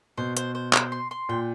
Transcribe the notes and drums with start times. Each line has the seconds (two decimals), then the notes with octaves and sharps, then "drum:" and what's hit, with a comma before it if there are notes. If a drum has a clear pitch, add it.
0.17 B2 C5
0.37 C5, drum: hi-hat
0.55 C5
0.73 C5, drum: clap
0.92 C6
1.11 C6
1.29 A#2 G5